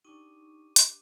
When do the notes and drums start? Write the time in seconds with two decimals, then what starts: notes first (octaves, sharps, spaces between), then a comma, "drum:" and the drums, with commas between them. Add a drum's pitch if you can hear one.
0.05 D4 D#4 G4 C#6 D6 D#7
0.76 drum: hi-hat